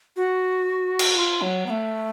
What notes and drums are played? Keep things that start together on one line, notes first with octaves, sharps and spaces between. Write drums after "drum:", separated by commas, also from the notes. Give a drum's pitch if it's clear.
F#4
drum: cymbal
F4
F#3
B3
A3